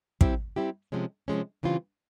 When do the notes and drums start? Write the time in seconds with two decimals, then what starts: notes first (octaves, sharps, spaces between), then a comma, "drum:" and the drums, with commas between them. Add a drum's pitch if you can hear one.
0.21 G3 C4 E4 G4, drum: kick
0.56 G3 C4 E4 G4
0.92 C3 F3 G#3 C#4
1.28 C3 F3 G#3 C#4
1.63 C#3 E3 G3 C4 F4